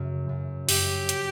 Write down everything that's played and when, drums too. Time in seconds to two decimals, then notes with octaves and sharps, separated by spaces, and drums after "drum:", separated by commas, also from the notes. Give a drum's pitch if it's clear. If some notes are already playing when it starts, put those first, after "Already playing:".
Already playing: F#2 C#3 F#3
0.29 F#2
0.69 F#2 G4, drum: open hi-hat
1.09 drum: hi-hat